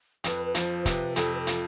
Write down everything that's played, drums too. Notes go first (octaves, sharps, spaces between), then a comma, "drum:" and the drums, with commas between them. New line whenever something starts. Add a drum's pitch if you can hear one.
F2 B4, drum: hi-hat
B4
F3 C5, drum: hi-hat
C5
C3 B4, drum: kick, hi-hat
F2 A4, drum: hi-hat
B4
A4
F3, drum: hi-hat